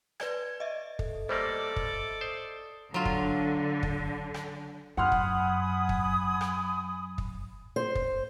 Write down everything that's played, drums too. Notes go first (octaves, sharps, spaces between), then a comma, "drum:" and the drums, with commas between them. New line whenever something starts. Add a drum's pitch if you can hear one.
B4 D5 G#6, drum: rim click
D#5 E5
A4, drum: kick
G3 A3 A#3 A4 C5 D5
drum: kick
C5 D#6
D3 F#3 F4
drum: kick
drum: kick
drum: rim click
F#2 F#5 G#5 B5 C6 D#6 F6
drum: kick
drum: kick
drum: rim click
drum: kick
C5
drum: kick